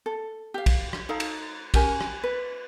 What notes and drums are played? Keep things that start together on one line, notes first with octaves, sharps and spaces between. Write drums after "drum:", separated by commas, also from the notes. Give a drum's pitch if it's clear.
A4
G4 F5
drum: kick B1, cymbal
drum: rim click
D#4 A4 F5 A#5
drum: cymbal
C#4 G4 A#4 G#5, drum: kick B1, cymbal
drum: rim click
B4